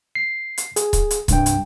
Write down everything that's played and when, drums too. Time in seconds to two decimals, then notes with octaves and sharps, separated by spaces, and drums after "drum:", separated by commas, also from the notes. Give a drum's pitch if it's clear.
0.15 C7
0.58 drum: hi-hat
0.76 G#4, drum: hi-hat
0.93 drum: kick C#1, hi-hat
1.11 drum: hi-hat
1.28 C2 G2 G5, drum: kick C#1, hi-hat
1.46 drum: hi-hat